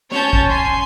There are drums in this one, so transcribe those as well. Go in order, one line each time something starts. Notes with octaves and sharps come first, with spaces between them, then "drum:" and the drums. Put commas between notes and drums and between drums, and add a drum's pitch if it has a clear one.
C#4 C#5 A5 G6, drum: snare
drum: kick
G#5 C6 C7